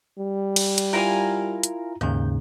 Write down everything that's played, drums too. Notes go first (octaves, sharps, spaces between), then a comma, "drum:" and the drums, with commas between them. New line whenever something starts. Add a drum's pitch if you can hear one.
G3
drum: cymbal
drum: hi-hat
E4 F4 A#4 F5 G#5 A#5
drum: hi-hat
D#2 G#2 C#3 G6